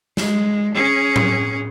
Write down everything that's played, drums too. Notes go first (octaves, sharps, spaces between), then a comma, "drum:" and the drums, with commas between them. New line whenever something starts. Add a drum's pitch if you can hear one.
G#3, drum: snare
C#4 G#4
drum: tom